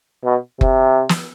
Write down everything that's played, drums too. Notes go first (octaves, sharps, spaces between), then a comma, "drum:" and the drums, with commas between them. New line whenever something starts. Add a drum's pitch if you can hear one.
B2
C3, drum: kick F#1
drum: snare